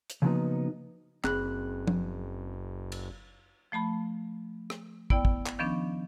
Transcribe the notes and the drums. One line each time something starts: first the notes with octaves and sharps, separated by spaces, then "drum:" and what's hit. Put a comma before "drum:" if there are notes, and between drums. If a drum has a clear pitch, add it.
drum: hi-hat
C#3 F3 F#3 A#3 B3 D#4
F#1 C4 G#4 B5 F#6, drum: clap
drum: tom
drum: cymbal
F3 A3 A5 B5
drum: rim click
B3 E4 D5 G5, drum: kick
drum: kick
drum: clap
D#3 F3 B3 C#4 D4